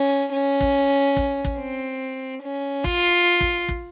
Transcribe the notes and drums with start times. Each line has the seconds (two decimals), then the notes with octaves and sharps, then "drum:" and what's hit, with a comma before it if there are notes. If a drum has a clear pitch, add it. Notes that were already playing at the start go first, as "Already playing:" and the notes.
Already playing: C#4
0.32 C#4
0.61 drum: kick
1.17 drum: kick
1.45 drum: kick
1.59 C4
2.43 C#4
2.84 F4, drum: kick
3.41 drum: kick
3.69 drum: kick